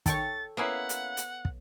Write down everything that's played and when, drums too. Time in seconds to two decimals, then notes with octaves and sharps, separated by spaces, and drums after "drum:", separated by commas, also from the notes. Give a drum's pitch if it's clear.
0.06 D#3 A4 C#5 G5 C#6 A6, drum: kick, hi-hat
0.57 A#3 B3 C#4 E4 C#5 F5 F#5
0.89 drum: hi-hat
1.17 drum: hi-hat
1.45 drum: kick